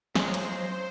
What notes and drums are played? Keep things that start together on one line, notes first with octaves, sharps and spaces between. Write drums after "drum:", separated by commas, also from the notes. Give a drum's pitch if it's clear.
E2 C#3 F#3 G#3 C#4 C5 C6, drum: snare
drum: hi-hat